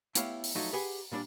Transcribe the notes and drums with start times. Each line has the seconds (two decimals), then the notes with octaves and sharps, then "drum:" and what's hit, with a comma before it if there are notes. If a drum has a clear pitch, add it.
0.15 A3 B3 E4 G4 C#5 F5, drum: hi-hat
0.44 drum: open hi-hat
0.55 F3 F#3 A3 D#4
0.73 G4 G#4 B4 F#5 G#5
1.12 A#2 G3 D4 D5